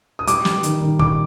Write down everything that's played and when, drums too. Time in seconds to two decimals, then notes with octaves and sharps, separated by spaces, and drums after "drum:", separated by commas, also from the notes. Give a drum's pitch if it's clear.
0.19 D#6
0.27 G3 D6, drum: hi-hat
0.45 G3, drum: snare
0.63 D#3, drum: hi-hat
0.81 D#3
0.99 D#3 D6, drum: kick